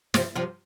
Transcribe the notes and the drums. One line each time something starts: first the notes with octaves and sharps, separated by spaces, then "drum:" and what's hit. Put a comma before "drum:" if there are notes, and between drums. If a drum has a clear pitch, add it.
C3 F3, drum: snare
C3 F3